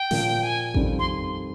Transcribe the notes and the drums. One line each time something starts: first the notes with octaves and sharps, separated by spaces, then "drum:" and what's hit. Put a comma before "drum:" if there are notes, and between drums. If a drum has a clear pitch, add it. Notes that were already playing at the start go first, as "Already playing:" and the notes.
Already playing: G5
A#2 F3 A#3 F4, drum: snare
G#5
F2 D#3 G3 C4, drum: kick A1
C6